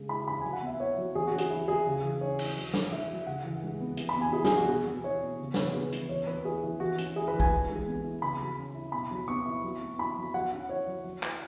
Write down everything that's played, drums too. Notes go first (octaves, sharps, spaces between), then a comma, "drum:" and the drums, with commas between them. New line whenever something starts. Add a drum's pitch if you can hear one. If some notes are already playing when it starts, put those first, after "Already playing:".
Already playing: C#3 G#3
E4 B5
C#3 B5
F#3 G#5
F#5
B3 E5
E4 C#5
F#3
E3 G#4
F#4
C#4
G#4, drum: hi-hat
E4
E3 G#4
C#3
E3
C#4 C#5
E4, drum: cymbal
F#3
C#4, drum: snare
E4 E5
F#3
C#3 F#5
E3
G#3
B3
E3, drum: hi-hat
B5
B3
G#5
E4 G#4
G#4, drum: snare
E3
F#4
B2 G#4
B3
E4 C#5
B2
C#3
E3 C#5, drum: snare
B4
B3 G#4
E4, drum: hi-hat
E3 C#5
B3 B4
E4 G#4
E3
E3 F#4
C#4, drum: hi-hat
E4 G#4
B4
E3
G#5, drum: kick
E3
G#3
B3
E4
C#3 B5
F#3
C#4
E4
B2 B5
F#3
B3 C#6
E4
F#3
B3
E4 B5
F#3
F#3 F#5
C#4
E4 C#5
F#3
F#3
E4, drum: clap